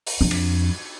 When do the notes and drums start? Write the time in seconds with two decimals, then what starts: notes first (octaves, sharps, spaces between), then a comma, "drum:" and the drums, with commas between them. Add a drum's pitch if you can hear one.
0.07 drum: open hi-hat
0.21 F2 D4
0.31 drum: cymbal